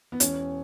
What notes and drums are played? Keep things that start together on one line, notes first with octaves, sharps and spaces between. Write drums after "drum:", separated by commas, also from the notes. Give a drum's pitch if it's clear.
B3
E1 C#4, drum: hi-hat